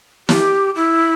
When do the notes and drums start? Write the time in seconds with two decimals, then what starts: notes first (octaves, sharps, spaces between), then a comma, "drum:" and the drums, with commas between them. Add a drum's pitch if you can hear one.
0.29 G4, drum: snare
0.76 E4